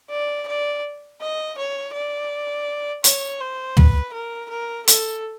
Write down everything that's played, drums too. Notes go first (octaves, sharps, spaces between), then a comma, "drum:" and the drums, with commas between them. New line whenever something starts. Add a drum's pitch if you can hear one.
D5
D5
D#5
C#5
D5
C#5, drum: hi-hat
C5
B4, drum: tom
A#4
A#4
A4, drum: hi-hat